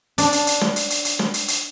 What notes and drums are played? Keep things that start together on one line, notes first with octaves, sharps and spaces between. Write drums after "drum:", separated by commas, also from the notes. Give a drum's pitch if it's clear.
D4, drum: hi-hat
drum: hi-hat
drum: hi-hat
drum: snare
drum: hi-hat
drum: hi-hat
drum: hi-hat
drum: snare
drum: hi-hat
drum: hi-hat